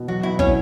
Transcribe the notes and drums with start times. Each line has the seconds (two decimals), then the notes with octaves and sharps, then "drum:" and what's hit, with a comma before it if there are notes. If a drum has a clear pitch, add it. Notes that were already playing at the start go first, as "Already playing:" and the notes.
Already playing: B2
0.08 F#3 F#4
0.23 B2 E4
0.39 C#4 E4, drum: kick